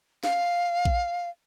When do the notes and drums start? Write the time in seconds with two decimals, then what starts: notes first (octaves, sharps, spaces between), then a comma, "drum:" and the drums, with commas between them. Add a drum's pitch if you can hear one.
0.23 F5, drum: snare
0.85 drum: kick A#1